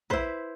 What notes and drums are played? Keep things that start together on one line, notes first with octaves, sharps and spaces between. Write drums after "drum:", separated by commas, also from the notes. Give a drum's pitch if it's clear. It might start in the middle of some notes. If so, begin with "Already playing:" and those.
E4 B4 C5, drum: kick